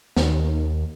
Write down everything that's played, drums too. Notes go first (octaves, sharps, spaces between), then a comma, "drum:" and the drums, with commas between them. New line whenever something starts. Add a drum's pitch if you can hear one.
D#2, drum: snare